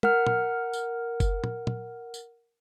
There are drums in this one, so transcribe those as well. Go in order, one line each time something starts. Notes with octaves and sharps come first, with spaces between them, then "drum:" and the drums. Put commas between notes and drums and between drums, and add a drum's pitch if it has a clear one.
A#4 F#5 F6, drum: tom
drum: tom
drum: tambourine
drum: kick F#1, tambourine
drum: tom
drum: tom
drum: tambourine